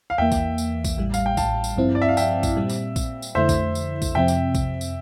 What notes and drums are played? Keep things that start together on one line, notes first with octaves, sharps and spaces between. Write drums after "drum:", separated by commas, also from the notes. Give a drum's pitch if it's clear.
F5
E2 E3 A#3 E5 G5
drum: kick A#1, tambourine
drum: tambourine
drum: kick A#1, tambourine
A1 A2 G3
F5, drum: tambourine
G5
F5 A5, drum: kick A#1, tambourine
drum: tambourine
G2 F3 C4 E4
D5
E5
F5
E5 G5, drum: tambourine
drum: kick A#1, tambourine
A#2 G3 C4
drum: tambourine
drum: kick A#1, tambourine
drum: tambourine
F2 D3 A3 E4 C5 E5
drum: kick A#1, tambourine
drum: tambourine
drum: kick A#1, tambourine
F2 C3 F3 C4 E5 G5
drum: tambourine
drum: kick A#1, tambourine
drum: tambourine